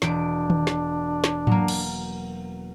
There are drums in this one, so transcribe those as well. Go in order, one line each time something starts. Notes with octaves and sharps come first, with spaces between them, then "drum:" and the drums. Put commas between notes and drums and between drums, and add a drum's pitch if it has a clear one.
E1 D4 D7, drum: snare
drum: tom D#3
drum: snare
drum: snare
F#3 A#3, drum: tom G#2
drum: cymbal